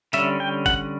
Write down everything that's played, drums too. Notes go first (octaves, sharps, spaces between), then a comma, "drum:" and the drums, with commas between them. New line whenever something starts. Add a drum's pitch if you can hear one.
D3 G3 C#4 E5, drum: hi-hat
G5
F#5, drum: kick, hi-hat